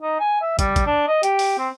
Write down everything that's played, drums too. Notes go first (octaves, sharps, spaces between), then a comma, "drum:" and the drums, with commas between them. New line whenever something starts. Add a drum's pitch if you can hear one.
D#4
G#5
E5
G3, drum: kick, hi-hat
drum: kick, hi-hat
D4
D#5
G4, drum: hi-hat
drum: open hi-hat
C4